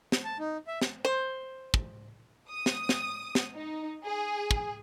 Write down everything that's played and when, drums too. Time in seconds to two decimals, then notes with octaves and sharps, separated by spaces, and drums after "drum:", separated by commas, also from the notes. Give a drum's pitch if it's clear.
0.12 drum: snare
0.24 A5
0.39 D#4
0.67 E5
0.82 drum: snare
1.05 C5
1.74 drum: kick
2.50 D#6
2.66 drum: snare
2.89 drum: snare
3.35 drum: snare
3.55 D#4
4.04 G#4
4.51 drum: kick